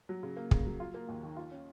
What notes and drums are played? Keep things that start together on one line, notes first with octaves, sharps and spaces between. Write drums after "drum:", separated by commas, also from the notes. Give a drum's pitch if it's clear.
F#3
C#3
A#3
C#3, drum: kick
F#3
F4
A#3
D#2
D#3
F4
C#4